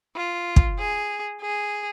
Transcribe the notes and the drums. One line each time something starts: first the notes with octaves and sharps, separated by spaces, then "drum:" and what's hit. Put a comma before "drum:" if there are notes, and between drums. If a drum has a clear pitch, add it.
F4
drum: kick
G#4
G#4